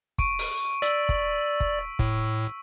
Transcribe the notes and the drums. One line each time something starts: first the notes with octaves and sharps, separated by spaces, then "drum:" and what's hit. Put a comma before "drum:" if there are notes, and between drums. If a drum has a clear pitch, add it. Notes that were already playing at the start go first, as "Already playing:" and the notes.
C#6 D7 D#7, drum: kick
drum: open hi-hat
D5 E6 B6, drum: hi-hat
drum: kick
drum: kick
A2, drum: kick